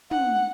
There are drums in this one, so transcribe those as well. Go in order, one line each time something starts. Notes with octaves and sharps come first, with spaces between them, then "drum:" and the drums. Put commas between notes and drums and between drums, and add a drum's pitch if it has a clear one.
F#5, drum: tom